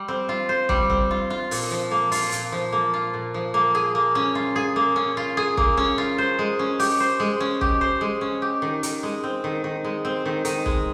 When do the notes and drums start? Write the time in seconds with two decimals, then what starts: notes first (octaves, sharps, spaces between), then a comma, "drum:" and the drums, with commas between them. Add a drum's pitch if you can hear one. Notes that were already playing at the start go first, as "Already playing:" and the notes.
Already playing: G3
0.08 C4
0.29 F4
0.49 C5
0.69 G3, drum: kick
0.90 C4, drum: kick
1.11 F4
1.30 F4
1.51 A#2, drum: open hi-hat
1.71 F3
1.91 A#3
2.12 F4, drum: open hi-hat
2.32 A#2, drum: hi-hat
2.52 F3
2.73 A#3
2.94 F4
3.14 A#2
3.34 F3
3.54 A#3
3.75 G#4
3.95 A#3
4.15 C#4
4.35 F4
4.56 G#4
4.76 A#3
4.96 C#4
5.17 F4
5.37 G#4
5.57 A#3, drum: kick
5.77 C#4
5.98 F4
6.18 C5
6.39 G#3
6.59 C#4
6.79 G4, drum: open hi-hat
7.00 C5
7.20 G#3
7.40 C#4
7.61 G4, drum: kick
7.81 C5
8.01 G#3
8.21 C#4
8.42 G4
8.62 D#3
8.83 D#3, drum: hi-hat
9.03 G#3
9.24 C4
9.44 D#3
9.64 D#3
9.84 G#3
10.05 C4
10.26 D#3
10.45 D#3, drum: hi-hat
10.66 G#3, drum: kick